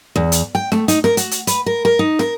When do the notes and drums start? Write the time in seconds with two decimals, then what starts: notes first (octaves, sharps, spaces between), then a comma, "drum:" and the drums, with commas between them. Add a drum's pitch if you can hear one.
0.16 E2
0.32 drum: hi-hat
0.55 G5
0.72 A3, drum: snare
0.88 D#4, drum: hi-hat
1.04 A#4, drum: snare
1.17 F#4, drum: hi-hat
1.31 drum: hi-hat
1.47 B4, drum: hi-hat
1.66 A#4
1.85 A#4
1.99 D#4
2.19 A#4, drum: snare